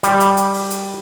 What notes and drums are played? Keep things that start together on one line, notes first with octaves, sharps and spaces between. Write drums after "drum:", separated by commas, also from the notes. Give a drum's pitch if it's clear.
G3, drum: hi-hat
drum: hi-hat
drum: hi-hat
drum: open hi-hat
drum: hi-hat